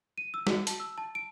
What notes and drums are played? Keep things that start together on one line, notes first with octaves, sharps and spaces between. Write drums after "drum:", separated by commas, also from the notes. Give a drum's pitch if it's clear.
D#7
E6
F#4, drum: snare
A5, drum: hi-hat
E6
A5
D7